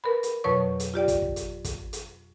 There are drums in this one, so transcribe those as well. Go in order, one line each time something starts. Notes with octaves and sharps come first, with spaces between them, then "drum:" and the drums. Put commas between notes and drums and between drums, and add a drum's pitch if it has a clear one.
A#4 B4 B5
drum: hi-hat
F2 B2 F#3 B4 C#5 C#6
drum: hi-hat
F4 G4 D5 G5
drum: kick, hi-hat
drum: kick
drum: hi-hat
drum: kick, hi-hat
drum: hi-hat